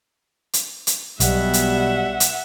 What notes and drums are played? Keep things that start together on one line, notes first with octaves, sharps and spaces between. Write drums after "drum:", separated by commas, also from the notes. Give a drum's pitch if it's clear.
drum: hi-hat
drum: hi-hat
B1 B2 G3 E5 F#5, drum: hi-hat
drum: hi-hat
drum: hi-hat